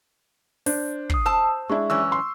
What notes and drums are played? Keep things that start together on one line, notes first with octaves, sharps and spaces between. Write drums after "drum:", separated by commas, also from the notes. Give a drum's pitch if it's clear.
D4 C5 G6, drum: open hi-hat
D#6 C7, drum: kick
C5 A5 E6
G#3 D4 E4 C#6
F#2 E3 C#4 C#6 D6 E6
C6